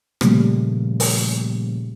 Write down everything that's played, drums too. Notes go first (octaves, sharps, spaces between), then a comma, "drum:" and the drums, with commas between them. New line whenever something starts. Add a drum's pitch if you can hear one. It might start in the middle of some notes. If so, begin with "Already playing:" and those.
A#2 C#3 F3 G3 A3 A#3, drum: rim click
drum: open hi-hat